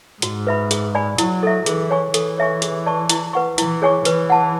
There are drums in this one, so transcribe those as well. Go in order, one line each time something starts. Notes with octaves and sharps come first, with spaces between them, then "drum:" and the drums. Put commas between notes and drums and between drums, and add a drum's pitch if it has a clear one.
G#2 F#4, drum: hi-hat
B4 E5 B5
G#4, drum: hi-hat
D5 G#5 B5
F#3 E4, drum: hi-hat
A4 E5
E3 G#4, drum: hi-hat
C#5 G#5 C#6
E3 A4, drum: hi-hat
C#5 E5 G#5 C#6
G#4, drum: hi-hat
D5 A5 C#6
E4, drum: hi-hat
B4 F#5 C#6
E3 E4, drum: hi-hat
G#4 C#5 G#5 C#6
E3 B4, drum: hi-hat
F#5 A5